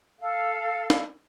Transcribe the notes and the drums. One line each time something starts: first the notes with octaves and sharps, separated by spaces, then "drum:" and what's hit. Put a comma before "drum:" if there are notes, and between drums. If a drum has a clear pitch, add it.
A4 F5
drum: snare